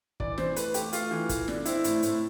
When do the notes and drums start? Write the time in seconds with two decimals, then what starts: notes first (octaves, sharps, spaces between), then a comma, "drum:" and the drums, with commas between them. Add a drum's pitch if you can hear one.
0.20 E3 D5, drum: kick
0.38 E3 C5, drum: snare
0.56 A3 B4, drum: hi-hat
0.74 A3 G4, drum: hi-hat
0.93 A3 F4, drum: hi-hat
1.11 E3
1.29 A3, drum: kick, hi-hat
1.48 D4, drum: snare
1.65 C4 E4, drum: hi-hat
1.84 A2, drum: hi-hat
2.03 A2, drum: hi-hat